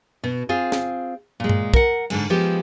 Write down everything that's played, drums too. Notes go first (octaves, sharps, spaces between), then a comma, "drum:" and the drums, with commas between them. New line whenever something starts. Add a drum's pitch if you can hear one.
B2
C4 F4 G#4
drum: snare
A#2 G#3
drum: tom G2
A#4 F#5, drum: kick
G#2 D3 G#3, drum: cymbal
F3 G#3 B3 G4